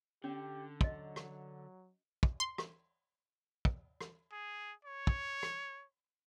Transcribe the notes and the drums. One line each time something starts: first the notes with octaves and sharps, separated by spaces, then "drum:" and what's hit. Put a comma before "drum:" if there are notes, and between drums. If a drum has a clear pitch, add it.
D3 C#4 G4
F#3 F#4 D#5, drum: kick
drum: rim click
drum: kick
C6
drum: rim click
drum: kick
drum: rim click
G#4
C#5
drum: kick
drum: rim click